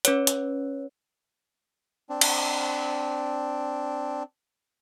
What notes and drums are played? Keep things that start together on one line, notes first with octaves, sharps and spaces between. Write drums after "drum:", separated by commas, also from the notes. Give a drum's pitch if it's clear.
C#4 B4 C#5, drum: hi-hat
drum: hi-hat
C4 D4
drum: cymbal